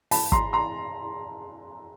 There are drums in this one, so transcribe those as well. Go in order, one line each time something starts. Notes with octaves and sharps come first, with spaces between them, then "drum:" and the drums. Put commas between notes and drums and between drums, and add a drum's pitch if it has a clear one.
A5 B5, drum: open hi-hat
A#5 C6, drum: kick
A#5 C6